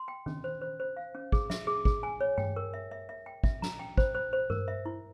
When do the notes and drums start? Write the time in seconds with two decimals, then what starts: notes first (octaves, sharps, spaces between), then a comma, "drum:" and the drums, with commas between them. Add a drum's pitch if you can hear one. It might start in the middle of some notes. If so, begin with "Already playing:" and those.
Already playing: C6
0.08 G5
0.26 C#4, drum: tom D#3
0.44 C5
0.61 C5
0.80 C5
0.96 F5
1.15 C#4
1.32 G#4, drum: kick
1.50 E5, drum: snare
1.67 G#4
1.85 G#4, drum: kick
2.03 G#5
2.21 C#5
2.38 G5, drum: tom G2
2.56 A#4
2.74 E5
2.91 E5
3.09 E5
3.26 G5
3.44 E5, drum: kick
3.62 A#5, drum: snare
3.79 G5
3.98 C5, drum: kick
4.15 C5
4.33 C5
4.50 A#4, drum: tom G2
4.68 E5
4.86 E4